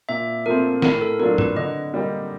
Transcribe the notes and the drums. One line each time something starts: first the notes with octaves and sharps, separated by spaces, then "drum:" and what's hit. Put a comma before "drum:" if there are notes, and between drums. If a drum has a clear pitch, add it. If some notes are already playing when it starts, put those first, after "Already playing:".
A#2 E5
F3 A3 C4 A#4
A2 A#4, drum: snare
A4
F#3 A#3 D4 F4 A#4
B4, drum: tom G#2
D3 D#5
G3 A#3 D#4 G4